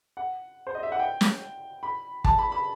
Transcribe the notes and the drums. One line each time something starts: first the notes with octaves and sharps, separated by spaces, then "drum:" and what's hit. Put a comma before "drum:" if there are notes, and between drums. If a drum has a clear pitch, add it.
F#5
C5
D#5
E5
F#5
G5
drum: snare
B5
A5, drum: kick
B5
B5